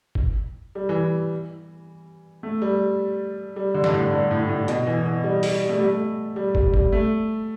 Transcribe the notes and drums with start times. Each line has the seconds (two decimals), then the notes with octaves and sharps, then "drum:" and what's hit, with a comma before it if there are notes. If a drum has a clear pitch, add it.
0.15 drum: kick
0.75 G3
0.89 E3
2.43 A3
2.62 G3
3.56 G3
3.74 D3
3.84 G2, drum: snare F3
3.93 A2
4.12 G2
4.31 A2
4.49 A2
4.68 B2, drum: hi-hat
4.87 E3
5.06 E3
5.24 G3
5.43 G3, drum: open hi-hat
5.69 A3
5.76 G3
5.84 A3
6.36 G3
6.55 G3, drum: kick
6.74 G3, drum: kick
6.92 A3